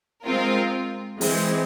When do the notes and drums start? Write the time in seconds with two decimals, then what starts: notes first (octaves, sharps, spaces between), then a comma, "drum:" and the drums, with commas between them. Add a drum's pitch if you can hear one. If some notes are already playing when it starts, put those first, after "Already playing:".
0.24 G#3 C4 F4 A#4
1.21 E3 G#3 C4, drum: open hi-hat